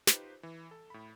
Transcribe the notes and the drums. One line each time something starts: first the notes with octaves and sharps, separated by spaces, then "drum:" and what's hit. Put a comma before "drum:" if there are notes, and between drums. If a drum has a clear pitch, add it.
D#4 F4 G4 B4 C5, drum: snare
E3
A4
A2 B5